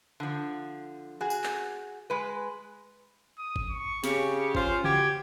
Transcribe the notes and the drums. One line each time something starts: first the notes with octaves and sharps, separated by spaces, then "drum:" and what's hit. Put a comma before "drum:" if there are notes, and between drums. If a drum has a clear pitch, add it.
D3 F3
F#4 G#4
drum: tambourine
drum: clap
G#3 B4
D#6
drum: kick G#1
C#6
C#3 G4, drum: snare
C#4 F4 C5, drum: kick G#1
F#4 G4 G5 G#6, drum: tom C#3